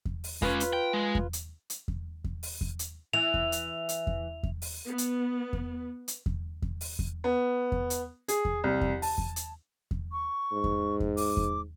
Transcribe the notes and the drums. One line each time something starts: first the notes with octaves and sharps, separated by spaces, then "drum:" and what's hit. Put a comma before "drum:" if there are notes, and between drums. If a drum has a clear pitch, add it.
drum: kick E2
drum: open hi-hat
G#3 C#4 F4 B4, drum: kick E2
drum: hi-hat
G5
G#3
drum: kick E2
drum: hi-hat
drum: hi-hat
drum: kick E2
drum: kick E2
drum: open hi-hat
drum: kick E2
drum: hi-hat
E3 F7
drum: kick E2
drum: hi-hat
drum: hi-hat
drum: kick E2
drum: kick E2
drum: open hi-hat
B3
drum: hi-hat
drum: kick E2
drum: hi-hat
drum: kick E2
drum: kick E2
drum: open hi-hat
drum: kick E2
B3
drum: kick E2
drum: hi-hat
G#4, drum: hi-hat
drum: kick E2
C2
drum: kick E2
A5, drum: open hi-hat
drum: kick E2
drum: hi-hat
drum: kick E2
C#6
G#2
drum: kick E2
drum: kick E2
D6, drum: open hi-hat
drum: kick E2